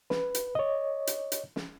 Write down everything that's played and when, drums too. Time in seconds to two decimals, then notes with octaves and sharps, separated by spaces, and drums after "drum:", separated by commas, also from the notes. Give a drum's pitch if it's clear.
0.10 B4, drum: snare
0.35 drum: hi-hat
0.55 C#5 D#5
1.07 drum: hi-hat
1.32 drum: hi-hat
1.56 drum: snare